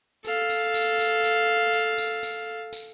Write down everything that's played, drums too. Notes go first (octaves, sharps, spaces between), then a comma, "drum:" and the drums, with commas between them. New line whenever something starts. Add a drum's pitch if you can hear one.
A4 F5, drum: tambourine
drum: tambourine
drum: tambourine
drum: tambourine
drum: tambourine
drum: tambourine
drum: tambourine
drum: tambourine
drum: tambourine